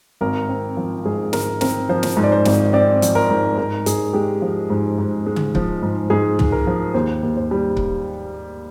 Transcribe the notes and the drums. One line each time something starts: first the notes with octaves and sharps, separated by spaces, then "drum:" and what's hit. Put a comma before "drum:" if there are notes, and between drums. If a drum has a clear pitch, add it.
G#1 A#4
C4
F3
G#2 G#4
G#1 A#4, drum: snare
C4 A#4, drum: snare
F3 C5
drum: snare
G#2
D5
C5
G#1, drum: snare
C4 D5
F3, drum: hi-hat
A#4
G#2
G#2 A#4
G#2 G#4, drum: hi-hat
G#3 G4
F3
G#2
G#2
G#3
drum: tom C#3
F3, drum: kick C#1
G#2
G#2 G#4
G#3, drum: tom
A#4
F3
D#2 C5
D#2
C5
G3
drum: kick C#1